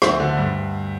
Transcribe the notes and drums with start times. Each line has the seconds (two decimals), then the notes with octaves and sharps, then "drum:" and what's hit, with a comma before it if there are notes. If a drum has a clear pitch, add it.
0.02 D2 C5 E5, drum: rim click
0.20 D3
0.37 G2